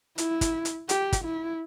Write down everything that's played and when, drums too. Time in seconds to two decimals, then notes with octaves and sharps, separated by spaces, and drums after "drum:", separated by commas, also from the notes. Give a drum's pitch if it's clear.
0.18 E4, drum: hi-hat
0.41 drum: kick, hi-hat
0.65 drum: hi-hat
0.89 G4, drum: hi-hat
1.13 drum: kick, hi-hat
1.24 E4